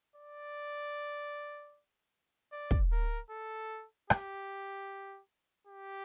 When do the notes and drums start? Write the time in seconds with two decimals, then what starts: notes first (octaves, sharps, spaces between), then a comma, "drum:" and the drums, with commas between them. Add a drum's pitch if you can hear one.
0.16 D5
2.52 D5
2.71 drum: kick
2.92 A#4
3.30 A4
4.10 G4, drum: rim click
5.67 G4